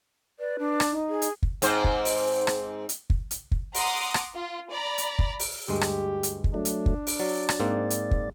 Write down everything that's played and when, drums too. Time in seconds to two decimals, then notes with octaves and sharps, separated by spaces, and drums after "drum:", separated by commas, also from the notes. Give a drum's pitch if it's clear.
0.39 B4 D5
0.59 D4
0.80 drum: rim click
0.92 D#4
1.09 G#4
1.22 drum: hi-hat
1.43 drum: kick
1.62 G#2 C4 C5, drum: hi-hat
1.84 drum: kick
2.05 drum: open hi-hat
2.47 drum: rim click
2.89 drum: hi-hat
3.10 drum: kick
3.31 drum: hi-hat
3.52 drum: kick
3.75 F#5 A#5 C6 D6 D#6, drum: open hi-hat
4.14 drum: rim click
4.34 F4
4.69 D5 A#5 B5
4.98 drum: hi-hat
5.19 drum: kick
5.40 drum: open hi-hat
5.69 D2 G2 G#3 G4
5.81 drum: rim click
6.23 drum: hi-hat
6.44 drum: kick
6.54 F#3 A3 D4
6.65 drum: hi-hat
6.86 drum: kick
7.07 drum: open hi-hat
7.20 F#3 D5
7.49 drum: rim click
7.60 G#2 A#3 C4
7.90 drum: hi-hat
8.11 drum: kick